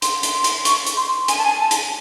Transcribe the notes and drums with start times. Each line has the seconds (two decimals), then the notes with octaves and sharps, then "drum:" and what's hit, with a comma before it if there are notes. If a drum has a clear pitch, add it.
0.02 C6, drum: hi-hat
0.23 drum: hi-hat
0.34 C6
0.44 drum: hi-hat
0.65 C#6, drum: hi-hat
0.87 drum: hi-hat
0.97 C6
1.28 G#5, drum: hi-hat
1.38 A5
1.45 G#5
1.60 A5
1.71 drum: hi-hat